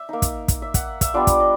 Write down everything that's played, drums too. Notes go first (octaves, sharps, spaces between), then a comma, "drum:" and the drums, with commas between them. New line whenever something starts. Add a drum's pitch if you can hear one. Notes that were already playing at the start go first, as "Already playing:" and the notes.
Already playing: E5
A#3 D#4
drum: kick, hi-hat
drum: kick, hi-hat
E5
F#5, drum: kick, hi-hat
E5, drum: kick, hi-hat
G3 B3 D4 F4 D5
drum: kick, hi-hat
D#5